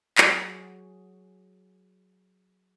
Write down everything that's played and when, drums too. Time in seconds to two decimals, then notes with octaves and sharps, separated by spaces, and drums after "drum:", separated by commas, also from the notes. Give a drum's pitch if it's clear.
0.18 F#3 F#4 G#4, drum: clap